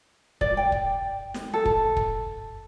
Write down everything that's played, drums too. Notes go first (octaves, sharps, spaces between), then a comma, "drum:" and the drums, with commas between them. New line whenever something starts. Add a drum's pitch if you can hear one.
D5, drum: kick
G5
drum: kick
drum: snare
A4
drum: kick
drum: kick